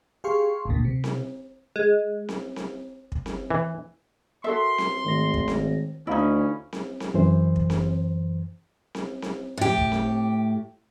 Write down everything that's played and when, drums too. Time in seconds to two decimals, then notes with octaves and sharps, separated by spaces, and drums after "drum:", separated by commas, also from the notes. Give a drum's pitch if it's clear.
0.24 G4 G#4 F5 C6 C#6
0.65 G#1 D2 A#2
0.85 C3
1.04 drum: snare C4
1.76 G#3
2.29 drum: snare C4
2.56 drum: snare C4
3.12 drum: kick
3.26 drum: snare C4
3.50 E3
4.44 F#4 A4 A#4 E5 C6
4.78 drum: snare C4
5.05 G#1 D#3 A3 A#6
5.34 drum: kick
5.48 drum: snare C4
6.07 D2 E3 C#4 D#4 E4 D#5 F5 B5
6.73 drum: snare C4
7.00 drum: snare C4
7.14 F#2 E3 C5
7.56 drum: kick
7.70 drum: snare C4
8.95 drum: snare C4
9.22 drum: snare C4
9.57 A2 G4
9.78 drum: kick
9.92 drum: snare C4